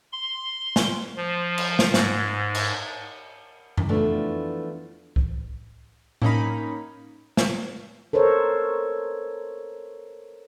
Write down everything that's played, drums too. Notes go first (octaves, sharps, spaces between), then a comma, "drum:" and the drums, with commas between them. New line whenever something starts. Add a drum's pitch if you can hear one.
C6
drum: snare
F3
drum: cymbal
drum: snare
G#2, drum: snare
drum: cymbal
drum: tom F2
E3 F3 A3 B3 D4
drum: kick C2
A#3 C#4 D#4 B5, drum: tom A2
drum: snare
A4 A#4 C5 C#5